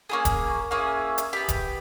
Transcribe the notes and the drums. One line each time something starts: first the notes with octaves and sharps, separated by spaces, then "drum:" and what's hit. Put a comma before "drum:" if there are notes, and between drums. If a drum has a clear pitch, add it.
A#3 C#4 E4 G#4
drum: kick D#1, hi-hat
A#3 C#4 E4 G#4
drum: hi-hat
B3 G4 B5
drum: kick D#1, hi-hat